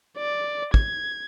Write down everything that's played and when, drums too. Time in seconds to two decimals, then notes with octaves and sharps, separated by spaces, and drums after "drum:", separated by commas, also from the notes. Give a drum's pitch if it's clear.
0.18 D5
0.74 G#6, drum: kick